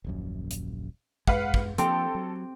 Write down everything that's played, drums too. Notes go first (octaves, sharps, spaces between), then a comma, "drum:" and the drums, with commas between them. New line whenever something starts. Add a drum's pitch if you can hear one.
D#1 A#1 F#2
drum: hi-hat
G#3 B4 F5 F#5, drum: kick
drum: kick
F3 A#3 C4 G4 A4, drum: hi-hat
F#3